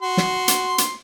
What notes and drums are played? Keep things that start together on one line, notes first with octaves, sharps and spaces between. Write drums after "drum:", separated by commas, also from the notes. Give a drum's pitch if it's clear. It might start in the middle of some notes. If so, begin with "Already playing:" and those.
F#4 C6
drum: snare
drum: hi-hat
drum: hi-hat